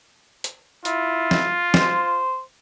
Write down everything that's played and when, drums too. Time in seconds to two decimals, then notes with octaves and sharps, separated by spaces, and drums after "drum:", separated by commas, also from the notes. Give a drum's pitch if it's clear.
0.44 drum: hi-hat
0.85 E4 F4, drum: hi-hat
1.31 drum: snare
1.74 C5, drum: snare